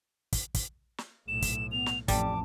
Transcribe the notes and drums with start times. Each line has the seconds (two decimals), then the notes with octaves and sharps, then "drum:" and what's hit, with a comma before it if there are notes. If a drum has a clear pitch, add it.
0.32 drum: kick, hi-hat
0.54 drum: kick, hi-hat
0.98 drum: snare
1.28 B1 A2 E7
1.42 drum: kick, hi-hat
1.72 B3 F7
1.86 drum: snare
2.08 A1 F2 G3 A5 D6, drum: kick, hi-hat